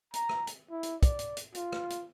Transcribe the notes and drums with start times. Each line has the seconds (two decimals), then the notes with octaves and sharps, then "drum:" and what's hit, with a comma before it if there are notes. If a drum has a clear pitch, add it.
0.14 A#5, drum: hi-hat
0.29 drum: rim click
0.47 drum: hi-hat
0.70 E4
0.83 drum: hi-hat
1.03 D5, drum: kick, hi-hat
1.19 drum: hi-hat
1.37 drum: hi-hat
1.55 F4, drum: hi-hat
1.72 drum: rim click
1.90 drum: hi-hat